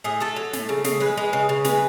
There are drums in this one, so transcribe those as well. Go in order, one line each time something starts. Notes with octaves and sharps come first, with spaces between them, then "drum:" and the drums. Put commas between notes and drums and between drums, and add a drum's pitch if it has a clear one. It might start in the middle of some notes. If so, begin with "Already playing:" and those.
A2 G#4
A3 A4
F#3
A2, drum: snare
C#3
C#3, drum: snare
G#3 B4
G#3
C#3
C#3
G#3 B4, drum: snare